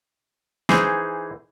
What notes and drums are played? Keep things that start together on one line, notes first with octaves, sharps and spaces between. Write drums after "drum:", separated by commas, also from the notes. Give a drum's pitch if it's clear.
E3 D#4 G#4 C5, drum: snare